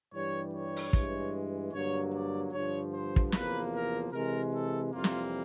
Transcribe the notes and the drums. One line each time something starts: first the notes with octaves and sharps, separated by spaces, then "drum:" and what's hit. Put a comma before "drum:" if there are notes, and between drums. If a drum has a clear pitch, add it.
G2 E3 G3 C#5
C#5
drum: open hi-hat
G2 E3 G#3, drum: kick
G2 D3 F#3 A#3 C#5
D5
G2 D3 F3 C#5
C5
drum: kick
E2 C3 F3 A#3 B4, drum: snare
A#4
C3 E3 G#3 A#4
A4
F2 C3 E3 G3 A#3 F4
drum: snare